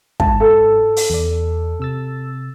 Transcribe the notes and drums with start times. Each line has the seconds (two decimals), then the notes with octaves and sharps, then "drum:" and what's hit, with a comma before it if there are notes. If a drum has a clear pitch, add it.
0.20 G#2 A5, drum: kick
0.40 A4
0.96 drum: open hi-hat
1.10 E2 D5
1.80 C3 E6 A6